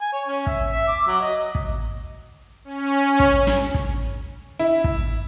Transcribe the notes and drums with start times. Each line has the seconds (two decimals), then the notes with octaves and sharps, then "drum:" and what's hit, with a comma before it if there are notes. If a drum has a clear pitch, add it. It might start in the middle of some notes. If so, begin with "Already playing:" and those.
0.01 G#5
0.13 C#5
0.27 C#4
0.47 E5, drum: kick
0.72 E5
0.88 D6
1.07 F#3
1.21 D#5
1.55 drum: kick
2.65 C#4
3.20 drum: kick
3.47 drum: snare
3.74 drum: kick
4.59 E4
4.84 drum: kick